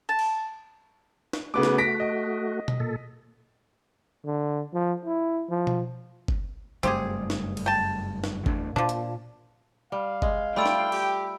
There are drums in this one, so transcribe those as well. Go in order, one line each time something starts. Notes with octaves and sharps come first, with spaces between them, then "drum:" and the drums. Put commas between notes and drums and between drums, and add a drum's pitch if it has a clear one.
A5
drum: cymbal
drum: snare
C#3 A3 B3 F#4 D6
drum: snare
A#6 B6 D7
D#5
drum: tom B2
A#2 A4
D3
F3
E4
F3
drum: tom B2
drum: kick G1
F#1 G2 A3 C4 G4 G#4, drum: hi-hat
drum: snare
drum: cymbal
G5 A5
drum: snare
E2 A3 D4, drum: kick G1
A#2 F3 D4
drum: hi-hat
G3 F5
G#3, drum: kick G1
G3 A3 F4 G5 B5 E6 D7
drum: snare
G4, drum: cymbal